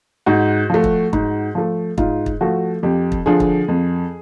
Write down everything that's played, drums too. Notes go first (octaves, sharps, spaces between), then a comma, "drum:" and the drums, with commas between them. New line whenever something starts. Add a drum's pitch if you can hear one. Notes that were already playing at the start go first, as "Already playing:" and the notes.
G#2 F#4
F3 A3
drum: kick
G#2, drum: kick
F3 A3
G#2 F4, drum: kick
drum: kick
F3 A3 F#4
F2 G4
drum: kick
D3 F3 G#4
drum: kick
F2